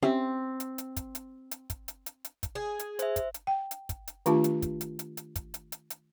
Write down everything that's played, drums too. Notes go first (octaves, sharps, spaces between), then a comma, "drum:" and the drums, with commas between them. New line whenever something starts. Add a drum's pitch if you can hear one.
C4 C#4 G4 E5
drum: hi-hat
drum: hi-hat
drum: kick, hi-hat
drum: hi-hat
drum: hi-hat
drum: kick, hi-hat
drum: hi-hat
drum: hi-hat
drum: hi-hat
drum: kick, hi-hat
G#4
drum: hi-hat
C5 E5, drum: hi-hat
drum: kick, hi-hat
drum: hi-hat
G5
drum: hi-hat
drum: kick, hi-hat
drum: hi-hat
D#3 A3 D4 F4 G4 A5, drum: hi-hat
drum: hi-hat
drum: kick, hi-hat
drum: hi-hat
drum: hi-hat
drum: hi-hat
drum: kick, hi-hat
drum: hi-hat
drum: hi-hat
drum: hi-hat